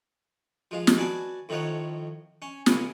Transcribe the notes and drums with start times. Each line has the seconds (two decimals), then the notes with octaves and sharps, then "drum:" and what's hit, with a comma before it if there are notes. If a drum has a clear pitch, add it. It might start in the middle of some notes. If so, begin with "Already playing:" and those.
0.71 F3 G#3 F4
0.87 drum: snare
0.97 F#4 B4 D5 G#5 A5 D6
1.49 F2 A2 D#3 F3 C#5 F#5
2.42 C#4
2.66 A1 C#3 B3, drum: snare